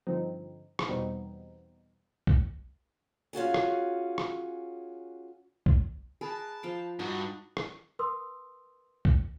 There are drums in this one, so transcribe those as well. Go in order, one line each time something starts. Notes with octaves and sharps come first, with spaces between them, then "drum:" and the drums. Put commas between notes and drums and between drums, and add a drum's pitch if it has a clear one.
G2 D3 F3 C4 D#4
drum: rim click
E2 B2 G3 B3 C4 D#4
drum: kick
C#4 F4 F#4 G#4
drum: rim click
drum: rim click
drum: kick
G#4 A#4 B4 A5
F3 F5 G5
G2 D#4 F#4
drum: rim click
A#4 B4 C6 D#6 E6
drum: kick